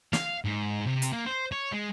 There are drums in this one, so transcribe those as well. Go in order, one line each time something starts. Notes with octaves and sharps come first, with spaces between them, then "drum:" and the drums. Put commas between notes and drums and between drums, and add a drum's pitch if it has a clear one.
F5, drum: snare
G#2
C3
drum: hi-hat
A#3
C5
C#5
G#3